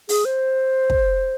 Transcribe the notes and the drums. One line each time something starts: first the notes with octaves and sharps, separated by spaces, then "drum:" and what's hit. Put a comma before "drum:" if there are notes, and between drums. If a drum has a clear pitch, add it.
G#4, drum: open hi-hat
C5
drum: kick